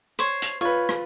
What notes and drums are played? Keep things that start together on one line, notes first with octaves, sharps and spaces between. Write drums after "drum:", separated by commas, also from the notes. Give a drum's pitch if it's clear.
C5 C#5
drum: hi-hat
F4 B4 C#5
drum: rim click